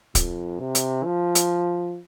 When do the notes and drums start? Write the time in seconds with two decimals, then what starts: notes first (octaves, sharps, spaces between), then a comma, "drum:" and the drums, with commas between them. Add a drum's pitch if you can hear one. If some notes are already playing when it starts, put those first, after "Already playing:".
0.15 F2, drum: kick D1, hi-hat
0.60 C3
0.75 drum: hi-hat
1.05 F3
1.35 drum: hi-hat